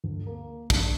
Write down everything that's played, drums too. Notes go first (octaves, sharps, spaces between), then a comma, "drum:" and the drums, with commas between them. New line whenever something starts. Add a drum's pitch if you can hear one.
D2
A#3
D4, drum: kick, cymbal